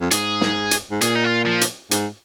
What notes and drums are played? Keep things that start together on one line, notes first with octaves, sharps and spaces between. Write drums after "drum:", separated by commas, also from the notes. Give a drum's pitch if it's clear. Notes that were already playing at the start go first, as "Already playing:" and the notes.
F2
G#2 G#4, drum: hi-hat
drum: snare
drum: hi-hat
G#2
A#2 G#4, drum: hi-hat
D#4
F4
F3
drum: hi-hat
G#2, drum: hi-hat